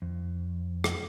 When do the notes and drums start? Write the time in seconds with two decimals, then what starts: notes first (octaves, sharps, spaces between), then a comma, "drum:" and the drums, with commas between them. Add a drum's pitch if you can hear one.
0.02 F2
0.84 drum: rim click